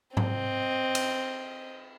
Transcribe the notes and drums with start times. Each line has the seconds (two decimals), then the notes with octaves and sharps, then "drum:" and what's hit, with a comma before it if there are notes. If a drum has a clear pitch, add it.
0.17 C4 D#5, drum: tom G#2
0.95 drum: cymbal